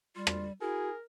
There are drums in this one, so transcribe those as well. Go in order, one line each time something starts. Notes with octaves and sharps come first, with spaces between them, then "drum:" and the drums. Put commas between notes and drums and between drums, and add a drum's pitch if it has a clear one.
G3 F4
drum: rim click
E4 F#4 G#4 A#4